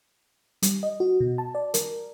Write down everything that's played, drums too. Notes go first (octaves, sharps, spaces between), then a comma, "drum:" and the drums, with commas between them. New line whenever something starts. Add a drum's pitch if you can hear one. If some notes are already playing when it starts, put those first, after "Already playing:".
G3, drum: hi-hat
D#5
F#4
B2
A5
D5
A#4, drum: hi-hat